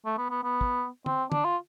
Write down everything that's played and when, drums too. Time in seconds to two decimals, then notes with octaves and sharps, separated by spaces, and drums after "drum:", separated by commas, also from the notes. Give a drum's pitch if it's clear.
0.05 A3
0.18 B3
0.30 B3
0.43 B3
0.61 drum: kick
1.06 C4, drum: tom
1.32 D4, drum: tom
1.44 F4